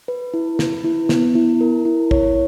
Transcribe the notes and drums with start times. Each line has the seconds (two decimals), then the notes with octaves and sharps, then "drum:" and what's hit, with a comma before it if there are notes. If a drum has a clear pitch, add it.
0.08 B4
0.34 E4
0.59 B4, drum: snare
0.84 E4
1.09 B3, drum: snare
1.35 E4
1.61 A#4
1.85 E4
2.11 C#5, drum: kick